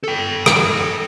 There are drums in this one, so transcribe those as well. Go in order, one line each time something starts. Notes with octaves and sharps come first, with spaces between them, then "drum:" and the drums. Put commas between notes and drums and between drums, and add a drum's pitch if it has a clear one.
A4 G5
drum: rim click